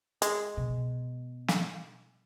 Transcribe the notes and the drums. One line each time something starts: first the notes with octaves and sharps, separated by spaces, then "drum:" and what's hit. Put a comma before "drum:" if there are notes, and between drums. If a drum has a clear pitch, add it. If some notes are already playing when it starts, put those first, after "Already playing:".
G#3, drum: hi-hat
B2
drum: snare